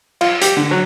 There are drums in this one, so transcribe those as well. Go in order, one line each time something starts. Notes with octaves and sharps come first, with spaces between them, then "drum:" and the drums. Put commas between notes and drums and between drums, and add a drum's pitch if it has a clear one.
F4, drum: cymbal
G4, drum: hi-hat
D3
F#3